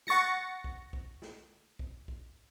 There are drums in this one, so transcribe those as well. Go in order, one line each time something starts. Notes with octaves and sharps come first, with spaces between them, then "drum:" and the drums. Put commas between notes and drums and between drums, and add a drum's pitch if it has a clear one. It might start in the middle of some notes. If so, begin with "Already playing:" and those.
F#5 C#6 A6 A#6 C#7, drum: snare
drum: kick B1
drum: kick B1
drum: snare
drum: kick B1
drum: kick B1